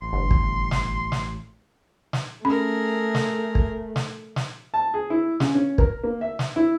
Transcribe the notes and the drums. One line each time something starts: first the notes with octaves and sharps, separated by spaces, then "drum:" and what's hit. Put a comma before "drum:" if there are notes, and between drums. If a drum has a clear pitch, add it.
A1 C6
G1
drum: kick
drum: snare
drum: snare
drum: snare
A3 C#4 G#4 A#4 B5
drum: snare
drum: kick
drum: snare
drum: snare
A5
G#4
E4
C#3, drum: snare
C#4
A#4, drum: kick
A#3
E5
drum: snare
E4